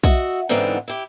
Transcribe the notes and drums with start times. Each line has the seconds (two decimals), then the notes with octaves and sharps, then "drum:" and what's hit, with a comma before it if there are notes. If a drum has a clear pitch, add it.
0.04 F#4 D#5 E5, drum: kick B1
0.49 G#2 D3 E3 B3 C4 D#4
0.88 E4 G4